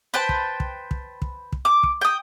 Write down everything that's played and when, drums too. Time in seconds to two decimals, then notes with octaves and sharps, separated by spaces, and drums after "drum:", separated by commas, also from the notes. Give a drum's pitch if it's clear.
0.14 B4 C5 G5 A5
0.29 drum: kick
0.60 drum: kick
0.91 drum: kick
1.22 drum: kick
1.53 drum: kick
1.65 D6
1.83 drum: kick
2.01 G5 D#6